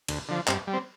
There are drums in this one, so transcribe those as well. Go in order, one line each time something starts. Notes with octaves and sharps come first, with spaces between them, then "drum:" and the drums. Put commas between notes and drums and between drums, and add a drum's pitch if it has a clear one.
D2, drum: cymbal
D3 F3
G2 C4, drum: clap
G3
C4